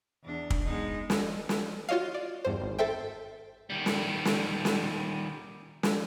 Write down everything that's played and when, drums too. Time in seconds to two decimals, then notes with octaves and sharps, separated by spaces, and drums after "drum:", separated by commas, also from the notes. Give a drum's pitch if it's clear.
0.24 E2 D4
0.50 drum: kick
0.65 G#3 B3 D#4
1.10 drum: snare
1.49 drum: snare
1.89 F4 F#4 C#5 D#5 F5
2.14 D5
2.45 E2 G2 C5
2.62 G#1
2.79 A4 C5 E5 G5
3.70 D#3 G3
3.86 drum: snare
4.25 drum: snare
4.65 drum: snare
5.83 drum: snare